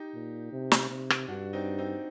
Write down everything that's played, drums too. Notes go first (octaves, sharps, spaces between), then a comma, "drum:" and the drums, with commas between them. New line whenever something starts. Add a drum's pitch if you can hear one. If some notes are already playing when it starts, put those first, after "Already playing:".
Already playing: D#4 G4
A#2
C3
drum: snare
C3
drum: rim click
G2 D4 F#4
C4 D#4
C4 D#4